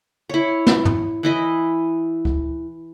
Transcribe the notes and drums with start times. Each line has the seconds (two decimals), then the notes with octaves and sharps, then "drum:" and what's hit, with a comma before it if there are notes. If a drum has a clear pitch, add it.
0.29 E4 C#5
0.67 drum: snare
0.85 drum: tom
1.23 E3 E4 D#5
2.25 drum: kick C#2